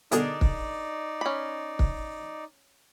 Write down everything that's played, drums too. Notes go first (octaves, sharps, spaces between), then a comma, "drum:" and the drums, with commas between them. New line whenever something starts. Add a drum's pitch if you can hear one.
G2 B2 D3 D4 D#4 G#4 A#4 D5, drum: hi-hat
drum: kick
C#4 B5
drum: kick